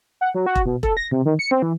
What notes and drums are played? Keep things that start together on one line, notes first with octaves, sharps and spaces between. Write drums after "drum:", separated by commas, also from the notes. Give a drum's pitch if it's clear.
F#5
F#3
F#4
drum: kick E1
B2
A4, drum: kick E1
A#6
C3
D#3
C#7
C4
E3